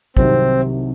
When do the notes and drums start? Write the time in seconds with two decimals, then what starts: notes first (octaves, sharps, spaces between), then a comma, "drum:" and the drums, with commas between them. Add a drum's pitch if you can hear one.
0.17 C2 C3 D#3 F#3 C4, drum: kick